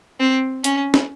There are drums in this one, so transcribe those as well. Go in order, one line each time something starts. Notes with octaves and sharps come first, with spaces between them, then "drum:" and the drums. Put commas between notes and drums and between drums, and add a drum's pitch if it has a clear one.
C4
C#4, drum: hi-hat
drum: snare